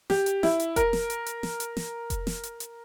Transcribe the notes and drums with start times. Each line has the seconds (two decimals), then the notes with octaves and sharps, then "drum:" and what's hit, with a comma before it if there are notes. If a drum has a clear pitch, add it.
0.10 G4, drum: snare
0.26 drum: hi-hat
0.43 E4, drum: snare
0.60 drum: hi-hat
0.76 A#4, drum: kick F1, hi-hat
0.93 drum: snare
1.10 drum: hi-hat
1.26 drum: hi-hat
1.43 drum: snare
1.60 drum: hi-hat
1.77 drum: snare
2.10 drum: kick F1, hi-hat
2.27 drum: snare
2.43 drum: hi-hat
2.60 drum: hi-hat